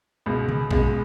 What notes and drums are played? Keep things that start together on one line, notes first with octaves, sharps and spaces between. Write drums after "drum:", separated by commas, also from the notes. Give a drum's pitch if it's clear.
C#2 B2 G#3
drum: tom C3
C#2 B2 G#3, drum: kick A#1